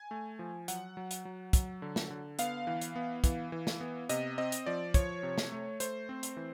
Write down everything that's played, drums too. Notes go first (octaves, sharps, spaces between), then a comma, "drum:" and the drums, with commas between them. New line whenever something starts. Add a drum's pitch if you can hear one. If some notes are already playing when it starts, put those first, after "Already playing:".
Already playing: G#5
A3
F3
F#3 F#5, drum: hi-hat
F#3
drum: hi-hat
F#3
F#3, drum: kick, hi-hat
D3
drum: snare
D3
B3 F5, drum: hi-hat
E3
drum: hi-hat
B3
E3, drum: kick, hi-hat
E3
drum: snare
B3
C3 D#5, drum: hi-hat
C4 D#5
drum: hi-hat
F3 D5
F3 C#5, drum: kick, hi-hat
C3
drum: snare
A3
A3 C5, drum: hi-hat
C4
drum: hi-hat
E3